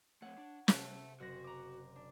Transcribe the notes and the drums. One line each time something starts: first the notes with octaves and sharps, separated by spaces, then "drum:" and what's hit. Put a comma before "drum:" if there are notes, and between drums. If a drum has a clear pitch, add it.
A3 C4 C#5 F#5
D4
C3 E5 A5, drum: snare
F#1 C4 F#4 A#6
A#5 D6
D4